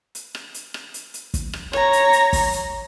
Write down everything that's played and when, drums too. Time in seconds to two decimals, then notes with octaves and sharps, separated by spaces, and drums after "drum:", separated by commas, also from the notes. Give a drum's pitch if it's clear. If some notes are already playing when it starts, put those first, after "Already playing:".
0.15 drum: hi-hat
0.35 drum: rim click
0.54 drum: hi-hat
0.74 drum: rim click
0.94 drum: hi-hat
1.14 drum: hi-hat
1.34 drum: kick, hi-hat
1.53 drum: rim click
1.73 C#5 A#5, drum: rim click
1.93 drum: hi-hat
2.13 drum: hi-hat
2.33 drum: kick, open hi-hat
2.52 drum: hi-hat